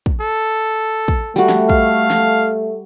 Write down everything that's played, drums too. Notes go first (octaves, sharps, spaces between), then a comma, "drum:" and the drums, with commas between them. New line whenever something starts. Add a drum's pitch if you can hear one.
drum: kick
A4
drum: kick
G3 A3 F#4
drum: snare
F5, drum: kick
drum: snare